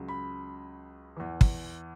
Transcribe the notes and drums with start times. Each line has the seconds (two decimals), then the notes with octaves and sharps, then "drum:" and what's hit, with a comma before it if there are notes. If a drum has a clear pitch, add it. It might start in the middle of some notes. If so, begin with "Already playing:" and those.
Already playing: C#2 C#3 F#3
0.09 B5
1.16 E2 E3
1.41 drum: kick